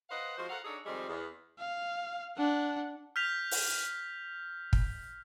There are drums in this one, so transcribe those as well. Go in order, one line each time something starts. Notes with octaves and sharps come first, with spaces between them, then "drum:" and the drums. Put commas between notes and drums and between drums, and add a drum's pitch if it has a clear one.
B4 C5 D#5 F5 F#5
F3 G#3 F#4 C5
A4 A#4 F5 F#5
D4 D#4 G#4 A4 C#5
F2 D#3 G3 G#3 C4
E2
F5
D4 F#5
F6 G6 B6 F7
drum: open hi-hat
drum: kick